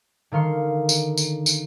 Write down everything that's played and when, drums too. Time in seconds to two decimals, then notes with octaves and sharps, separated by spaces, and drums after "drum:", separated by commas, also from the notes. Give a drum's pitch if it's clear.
0.32 D3 D#3 F5 C6 C#7
0.89 drum: tambourine
1.18 drum: tambourine
1.46 drum: tambourine